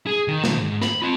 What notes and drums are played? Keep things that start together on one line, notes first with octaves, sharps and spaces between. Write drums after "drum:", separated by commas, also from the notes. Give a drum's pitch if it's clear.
G#4
D#3
B1 D#3, drum: snare
G#2
B5, drum: snare
C4 F4